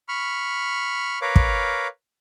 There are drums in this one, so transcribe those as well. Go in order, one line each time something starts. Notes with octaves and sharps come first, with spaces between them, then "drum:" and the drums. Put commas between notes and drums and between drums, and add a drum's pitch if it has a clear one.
B5 C#6 F6
A#4 B4 C#5 F5 D6
drum: kick